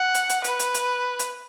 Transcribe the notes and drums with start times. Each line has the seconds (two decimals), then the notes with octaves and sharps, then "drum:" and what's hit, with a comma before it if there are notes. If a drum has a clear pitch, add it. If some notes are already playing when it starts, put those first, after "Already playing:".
Already playing: F#5
0.15 drum: hi-hat
0.30 drum: hi-hat
0.44 B4, drum: hi-hat
0.59 drum: hi-hat
0.74 drum: hi-hat
1.19 drum: hi-hat